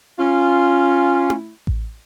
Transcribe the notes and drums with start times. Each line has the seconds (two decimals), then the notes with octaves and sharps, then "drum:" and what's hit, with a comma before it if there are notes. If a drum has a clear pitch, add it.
0.18 C#4 F4
1.30 drum: tom E4
1.67 drum: kick A1